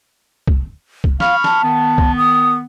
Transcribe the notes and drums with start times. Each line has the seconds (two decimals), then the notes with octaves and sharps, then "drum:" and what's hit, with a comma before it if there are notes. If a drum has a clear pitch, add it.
0.47 drum: kick C2
1.04 drum: kick C2
1.20 F5 B5 C#6 F6, drum: snare
1.44 A5, drum: snare
1.63 D#3 B3
1.98 drum: kick C2
2.17 D#6